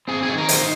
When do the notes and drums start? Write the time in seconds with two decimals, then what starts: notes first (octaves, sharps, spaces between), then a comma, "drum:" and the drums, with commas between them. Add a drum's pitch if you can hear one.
0.08 C4 G#4
0.23 G#4
0.29 D#3
0.38 A#4
0.49 D#4 C5, drum: hi-hat